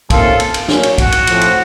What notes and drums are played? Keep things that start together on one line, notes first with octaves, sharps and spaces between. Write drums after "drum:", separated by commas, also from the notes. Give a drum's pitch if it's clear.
C3 D#3 A#3 C#4 F4 A4, drum: kick, cymbal
drum: cymbal
drum: cymbal
A#2 F#3 A#3 C#4, drum: snare
drum: cymbal
F#4, drum: kick, cymbal
drum: cymbal
A2 F3 C4, drum: cymbal
drum: cymbal